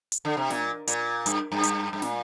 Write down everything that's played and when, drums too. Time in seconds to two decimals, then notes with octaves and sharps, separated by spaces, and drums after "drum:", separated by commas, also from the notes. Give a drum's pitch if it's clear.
0.12 drum: hi-hat
0.25 D3
0.37 C3
0.50 A#2, drum: snare
0.87 A#2, drum: hi-hat
1.26 G2, drum: hi-hat
1.52 G2
1.63 drum: hi-hat
1.93 G2
2.02 A#2, drum: snare